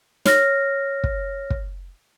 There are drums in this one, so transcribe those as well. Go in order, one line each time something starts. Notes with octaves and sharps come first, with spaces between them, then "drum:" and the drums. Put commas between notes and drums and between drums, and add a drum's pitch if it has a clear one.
C#5 F6 A#6, drum: snare
drum: kick
drum: kick